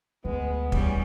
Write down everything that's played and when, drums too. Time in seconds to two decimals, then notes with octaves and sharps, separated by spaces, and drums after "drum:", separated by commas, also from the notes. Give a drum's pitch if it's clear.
0.25 D2 G#3 B3
0.72 E2 G3 C#4, drum: kick